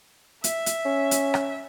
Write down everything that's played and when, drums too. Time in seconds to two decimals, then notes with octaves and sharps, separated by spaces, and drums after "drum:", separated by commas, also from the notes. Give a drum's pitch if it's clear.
0.44 E5, drum: hi-hat
0.66 drum: hi-hat
0.85 C#4
1.11 drum: hi-hat
1.34 drum: rim click